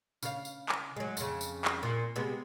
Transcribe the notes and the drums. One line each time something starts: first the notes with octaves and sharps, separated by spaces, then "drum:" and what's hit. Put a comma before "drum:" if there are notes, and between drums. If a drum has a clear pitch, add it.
C#3 F5, drum: tambourine
drum: tambourine
drum: clap
F#3 G#3
F2 C#3, drum: tambourine
drum: tambourine
drum: clap
A#2
C3 G#3 B3